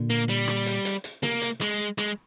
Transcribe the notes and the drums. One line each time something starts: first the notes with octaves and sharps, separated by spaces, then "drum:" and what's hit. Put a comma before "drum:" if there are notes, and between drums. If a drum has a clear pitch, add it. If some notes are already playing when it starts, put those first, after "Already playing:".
Already playing: A#2 D3
A#3
G3
drum: rim click
drum: hi-hat
drum: hi-hat
drum: hi-hat
A#3, drum: tom
drum: hi-hat
G#3, drum: rim click
G#3, drum: rim click